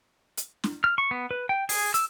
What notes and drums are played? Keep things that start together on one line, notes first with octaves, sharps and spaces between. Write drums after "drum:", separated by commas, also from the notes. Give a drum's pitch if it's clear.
drum: hi-hat
drum: snare
F6
C#6
B3
B4
G5
G#4, drum: open hi-hat
E6, drum: hi-hat